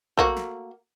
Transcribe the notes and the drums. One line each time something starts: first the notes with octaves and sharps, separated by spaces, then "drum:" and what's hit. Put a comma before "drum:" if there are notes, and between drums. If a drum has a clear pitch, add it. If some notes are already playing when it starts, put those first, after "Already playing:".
A3 A#3 F#4, drum: kick
drum: snare